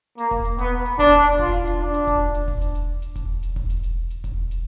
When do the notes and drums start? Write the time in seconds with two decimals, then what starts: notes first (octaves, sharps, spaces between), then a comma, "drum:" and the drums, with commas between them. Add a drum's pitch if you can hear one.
0.18 A#3, drum: hi-hat
0.31 drum: kick E1, open hi-hat
0.45 drum: hi-hat
0.58 B3, drum: hi-hat
0.85 drum: hi-hat
0.99 D4, drum: kick E1, hi-hat
1.26 drum: hi-hat
1.39 F4, drum: kick E1
1.53 drum: hi-hat
1.67 drum: hi-hat
1.80 D4
1.94 drum: hi-hat
2.07 drum: kick E1, hi-hat
2.34 drum: hi-hat
2.48 drum: kick E1, open hi-hat
2.61 drum: hi-hat
2.75 drum: hi-hat
3.02 drum: hi-hat
3.16 drum: kick E1, hi-hat
3.43 drum: hi-hat
3.56 drum: kick E1, open hi-hat
3.70 drum: hi-hat
3.83 drum: hi-hat
4.10 drum: hi-hat
4.24 drum: kick E1, hi-hat
4.51 drum: hi-hat